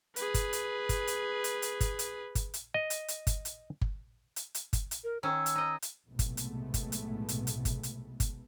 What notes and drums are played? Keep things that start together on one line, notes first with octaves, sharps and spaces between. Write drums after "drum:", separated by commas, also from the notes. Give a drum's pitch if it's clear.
G#4 B4, drum: hi-hat
drum: kick G1, hi-hat
drum: hi-hat
drum: kick G1, hi-hat
drum: hi-hat
drum: hi-hat
drum: hi-hat
drum: kick G1, hi-hat
drum: hi-hat
drum: kick G1, hi-hat
drum: hi-hat
D#5
drum: hi-hat
drum: hi-hat
drum: kick G1, hi-hat
drum: hi-hat
drum: kick G1
drum: hi-hat
drum: hi-hat
drum: kick G1, hi-hat
drum: hi-hat
A#4
D#3 C#4 E6
drum: hi-hat
D#4 D#5
drum: hi-hat
B1 A2 C3 G#3 A3 B3
drum: kick G1, hi-hat
drum: hi-hat
drum: kick G1, hi-hat
drum: hi-hat
drum: hi-hat
drum: hi-hat
drum: kick G1, hi-hat
drum: hi-hat
drum: kick G1, hi-hat